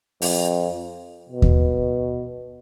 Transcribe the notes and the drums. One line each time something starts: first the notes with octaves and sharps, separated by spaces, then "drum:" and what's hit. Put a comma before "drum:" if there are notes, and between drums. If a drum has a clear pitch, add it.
F2, drum: open hi-hat
B2
drum: kick D#2